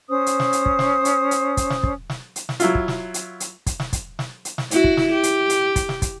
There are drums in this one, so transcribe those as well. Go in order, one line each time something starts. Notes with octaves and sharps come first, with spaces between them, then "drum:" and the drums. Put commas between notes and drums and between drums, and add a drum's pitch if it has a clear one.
C#4 C5 D#6
drum: hi-hat
drum: snare
drum: hi-hat
drum: kick
drum: snare
drum: hi-hat
drum: hi-hat
drum: kick, hi-hat
drum: snare
drum: kick
drum: snare
drum: hi-hat
drum: snare
F#3 E4 F4, drum: hi-hat
drum: kick
drum: snare
drum: hi-hat
drum: hi-hat
drum: kick, hi-hat
drum: snare
drum: kick, hi-hat
drum: snare
drum: hi-hat
drum: snare
E4 F#4, drum: hi-hat
drum: kick
drum: snare
G4
drum: hi-hat
drum: hi-hat
drum: kick, hi-hat
drum: snare
drum: kick, hi-hat